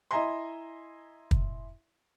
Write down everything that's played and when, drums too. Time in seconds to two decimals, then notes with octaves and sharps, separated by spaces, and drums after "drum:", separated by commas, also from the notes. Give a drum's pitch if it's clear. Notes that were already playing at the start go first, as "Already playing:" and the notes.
0.11 E4 D#5 E5 G#5 A#5 C6
1.31 drum: kick